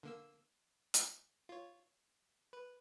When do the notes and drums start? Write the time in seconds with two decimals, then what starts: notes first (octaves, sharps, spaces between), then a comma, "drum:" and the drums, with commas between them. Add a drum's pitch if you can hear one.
0.03 D3 A#3 E6
0.94 drum: hi-hat
1.49 F4 C#5
2.53 B4